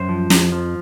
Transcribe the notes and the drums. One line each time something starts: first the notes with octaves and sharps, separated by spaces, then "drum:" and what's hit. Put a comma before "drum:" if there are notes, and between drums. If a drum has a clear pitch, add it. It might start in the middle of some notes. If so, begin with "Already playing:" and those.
Already playing: F#2 C5
F3
F2, drum: snare
F3